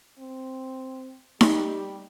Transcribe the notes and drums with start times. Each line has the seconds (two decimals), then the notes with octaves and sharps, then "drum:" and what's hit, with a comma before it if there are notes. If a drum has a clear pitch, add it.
0.19 C4
1.41 G3 D#4 G4, drum: snare D#4